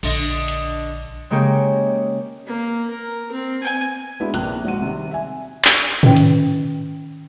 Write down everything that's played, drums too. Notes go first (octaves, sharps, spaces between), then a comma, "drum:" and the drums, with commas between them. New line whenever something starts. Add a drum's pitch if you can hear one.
A#1 D3 D#5, drum: cymbal
drum: hi-hat
C#3 G#3 A#3 G4 C#5
A#3
A#4
C4
G#5
G#3 B3 D4 E4 F#4
A#1 C3 A#3 F#6, drum: hi-hat
A#1 G#2 F#4 D#7
C3 D#3 G3
E5 G#5
drum: clap
D#3 C#4 B4 G5, drum: tom G#2
drum: hi-hat